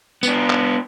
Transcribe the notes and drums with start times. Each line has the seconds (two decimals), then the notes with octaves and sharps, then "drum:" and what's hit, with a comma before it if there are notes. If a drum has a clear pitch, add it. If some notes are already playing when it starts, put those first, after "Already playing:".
0.23 B3 D4, drum: tambourine
0.50 drum: clap